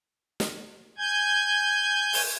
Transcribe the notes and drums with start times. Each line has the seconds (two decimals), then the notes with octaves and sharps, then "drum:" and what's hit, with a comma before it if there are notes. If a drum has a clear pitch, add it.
0.40 drum: snare
0.98 G#5 G6 G#6
2.13 drum: open hi-hat